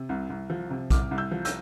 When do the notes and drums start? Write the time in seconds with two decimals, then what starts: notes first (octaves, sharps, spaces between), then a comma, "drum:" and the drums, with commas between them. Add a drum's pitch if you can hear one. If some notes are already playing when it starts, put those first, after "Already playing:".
Already playing: C3
0.09 C2
0.30 C2
0.50 F3
0.70 C3
0.90 C2 D6 F6, drum: kick, hi-hat
1.11 C2
1.18 E6 G6
1.31 F3
1.45 E6 G6, drum: hi-hat